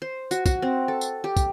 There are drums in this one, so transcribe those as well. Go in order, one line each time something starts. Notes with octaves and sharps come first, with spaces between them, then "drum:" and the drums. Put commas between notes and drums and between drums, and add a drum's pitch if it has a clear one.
C5
F#4, drum: tambourine
F#4, drum: kick, tambourine
C4
A4
drum: tambourine
G4
drum: kick, tambourine